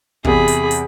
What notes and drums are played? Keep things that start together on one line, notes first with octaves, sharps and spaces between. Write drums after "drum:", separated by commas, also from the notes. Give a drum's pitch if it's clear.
E2 C3 G#4 B5, drum: kick
drum: hi-hat
drum: hi-hat